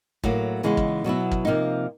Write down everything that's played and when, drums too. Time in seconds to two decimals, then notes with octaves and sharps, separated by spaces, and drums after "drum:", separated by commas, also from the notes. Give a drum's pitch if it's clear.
0.24 A2 F#3 A#3, drum: kick
0.63 C#3 E3 G#3 B3 D#4
0.77 drum: kick
1.04 B2 F#3 B3 E4
1.31 drum: kick
1.45 C3 F3 A#3 D#4